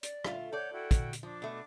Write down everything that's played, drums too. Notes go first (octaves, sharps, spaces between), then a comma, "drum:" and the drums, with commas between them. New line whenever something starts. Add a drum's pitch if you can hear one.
D5, drum: hi-hat
A3 F4, drum: rim click
A4 C#5 D5 F#5 G6
E4 F#4 G5
drum: kick, hi-hat
drum: hi-hat
F3 D4 D6
B2 A3